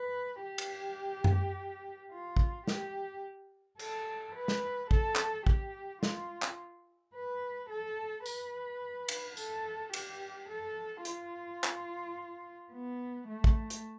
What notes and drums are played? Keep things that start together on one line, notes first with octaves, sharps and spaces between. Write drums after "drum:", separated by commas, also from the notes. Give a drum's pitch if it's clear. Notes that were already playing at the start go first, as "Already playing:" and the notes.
Already playing: B4
G4
drum: cymbal
drum: tom F#2
F4
drum: kick
G4, drum: snare
A4, drum: cymbal
B4
drum: snare
A4, drum: kick
drum: clap
G4, drum: kick
F4, drum: snare
drum: clap
B4
A4
B4, drum: tambourine
drum: cymbal
A4, drum: tambourine
G4, drum: cymbal
A4
F4, drum: hi-hat
drum: clap
B3
A3
drum: kick
drum: hi-hat